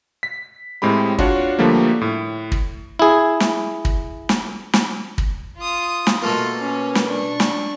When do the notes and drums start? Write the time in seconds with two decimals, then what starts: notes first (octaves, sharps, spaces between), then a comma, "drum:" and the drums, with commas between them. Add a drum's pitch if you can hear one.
0.23 B6
0.82 A2 G#3 C4 G4 B5
1.19 D4 F4 F#4 C#5, drum: kick
1.59 D3 F3 G3 A3 A#3
2.01 A2
2.52 drum: kick
2.99 E4 G#4
3.40 drum: snare
3.85 drum: kick
4.29 drum: snare
4.74 drum: snare
5.18 drum: kick
5.57 F4 D#6
6.07 drum: snare
6.22 B2 A3 A#3 F4 A4
6.60 C#4
6.95 drum: snare
7.08 D4 C#6
7.40 drum: snare